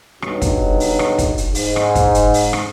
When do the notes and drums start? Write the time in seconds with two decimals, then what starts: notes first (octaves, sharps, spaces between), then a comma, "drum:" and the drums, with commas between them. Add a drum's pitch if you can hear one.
0.22 B1 G2 F#3 D#4, drum: rim click
0.42 drum: kick, hi-hat
0.80 drum: open hi-hat
0.99 drum: rim click
1.18 drum: kick, hi-hat
1.38 drum: hi-hat
1.55 G#2, drum: open hi-hat
1.76 drum: rim click
1.95 drum: kick, hi-hat
2.15 drum: hi-hat
2.34 drum: open hi-hat
2.53 drum: rim click